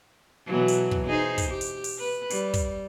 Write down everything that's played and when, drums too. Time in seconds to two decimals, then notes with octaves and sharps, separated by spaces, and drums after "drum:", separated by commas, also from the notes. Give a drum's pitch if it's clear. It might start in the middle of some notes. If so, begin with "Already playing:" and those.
0.46 B2 E3 F#3
0.68 drum: hi-hat
0.91 drum: kick
1.07 D#4 G#4 C5
1.38 drum: kick, hi-hat
1.50 G4
1.61 drum: hi-hat
1.84 drum: open hi-hat
1.99 B4
2.30 G3, drum: hi-hat
2.54 drum: kick, hi-hat